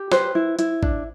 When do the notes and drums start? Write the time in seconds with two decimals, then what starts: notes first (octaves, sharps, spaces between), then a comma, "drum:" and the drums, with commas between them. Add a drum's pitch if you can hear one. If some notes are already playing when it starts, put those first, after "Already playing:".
Already playing: G4
0.12 B4 C5, drum: snare
0.35 E4
0.59 E4, drum: hi-hat
0.83 D4, drum: kick A1